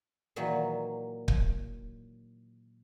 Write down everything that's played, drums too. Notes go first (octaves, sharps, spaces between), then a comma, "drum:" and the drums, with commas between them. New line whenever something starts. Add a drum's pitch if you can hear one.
A#2 D#3 E3 F#3
drum: kick